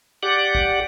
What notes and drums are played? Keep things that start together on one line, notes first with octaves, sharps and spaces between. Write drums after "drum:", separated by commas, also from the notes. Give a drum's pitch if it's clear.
G4 D5 F#5
drum: kick